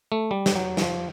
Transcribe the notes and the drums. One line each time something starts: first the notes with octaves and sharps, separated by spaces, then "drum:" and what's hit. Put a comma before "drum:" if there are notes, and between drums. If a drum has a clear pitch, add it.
A3
G3
drum: snare
F#3
E3, drum: snare
F3